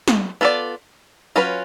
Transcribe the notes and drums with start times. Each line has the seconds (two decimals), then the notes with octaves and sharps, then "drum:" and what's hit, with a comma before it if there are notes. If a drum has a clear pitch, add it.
0.08 drum: snare
0.41 B3 F4 A4 D5
1.36 F#3 C#4 F4 B4